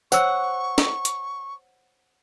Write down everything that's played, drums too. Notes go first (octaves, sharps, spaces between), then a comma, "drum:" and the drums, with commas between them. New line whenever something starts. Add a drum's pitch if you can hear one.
C5 C#5 F#5 C#6 E6, drum: tambourine
drum: snare
drum: hi-hat